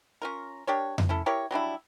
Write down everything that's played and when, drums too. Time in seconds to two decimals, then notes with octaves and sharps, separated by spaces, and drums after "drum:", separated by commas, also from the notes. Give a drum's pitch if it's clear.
0.22 C#4 F4 A#4
0.67 D4 G4 A#4 C#5
0.98 drum: tom F2
1.09 C#4 E4 A4
1.26 E4 G4 A#4 C#5
1.51 F#3 G3 D4 E4